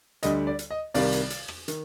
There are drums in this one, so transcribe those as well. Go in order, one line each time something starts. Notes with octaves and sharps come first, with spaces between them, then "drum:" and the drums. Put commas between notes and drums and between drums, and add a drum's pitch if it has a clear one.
D2 D3 G3 D#5, drum: hi-hat
D5
drum: hi-hat
D#5
C2 C3 D#3 G3 D5 F5, drum: open hi-hat
drum: hi-hat
drum: hi-hat
drum: rim click
D#3, drum: hi-hat